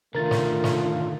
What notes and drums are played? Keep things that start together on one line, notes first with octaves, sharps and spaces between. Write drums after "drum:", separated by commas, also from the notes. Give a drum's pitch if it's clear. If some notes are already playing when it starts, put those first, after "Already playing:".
D3 D#3 A3 F4 A#4 A6
drum: snare
drum: snare